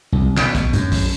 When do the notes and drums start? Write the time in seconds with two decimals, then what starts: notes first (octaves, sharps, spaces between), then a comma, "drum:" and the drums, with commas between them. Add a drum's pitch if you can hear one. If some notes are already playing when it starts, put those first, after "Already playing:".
0.12 C2
0.37 B2, drum: clap
0.55 drum: kick, hi-hat
0.73 F#2, drum: hi-hat
0.92 drum: kick, open hi-hat